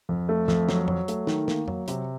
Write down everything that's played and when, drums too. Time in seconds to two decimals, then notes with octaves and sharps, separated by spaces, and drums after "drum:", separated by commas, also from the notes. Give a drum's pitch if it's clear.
0.09 F2
0.29 A3
0.48 F2, drum: snare
0.69 F#3, drum: snare
0.88 F#3, drum: tom F2
1.08 A3, drum: hi-hat
1.27 D#3, drum: snare
1.48 A#3, drum: snare
1.68 F#3, drum: tom F2
1.88 C3, drum: hi-hat